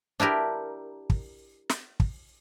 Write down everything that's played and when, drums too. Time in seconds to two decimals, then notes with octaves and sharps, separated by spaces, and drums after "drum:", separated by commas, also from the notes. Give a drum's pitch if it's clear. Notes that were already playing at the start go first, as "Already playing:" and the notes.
0.20 D4 E4 G4 A#4
1.10 drum: kick
1.70 drum: snare
2.00 drum: kick